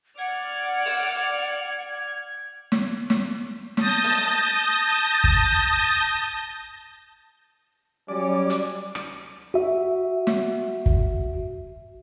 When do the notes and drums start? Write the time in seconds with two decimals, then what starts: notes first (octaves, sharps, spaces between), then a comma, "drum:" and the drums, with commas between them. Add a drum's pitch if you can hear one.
0.18 D5 F#5 F6 G#6
0.86 drum: open hi-hat
2.72 drum: snare
3.10 drum: snare
3.77 A5 D#6 G6 A#6, drum: snare
4.04 drum: open hi-hat
5.24 drum: kick
8.08 F#3 G3 C#4 D5
8.50 drum: hi-hat
8.95 drum: rim click
9.54 F#4 E5
10.27 drum: snare
10.86 drum: kick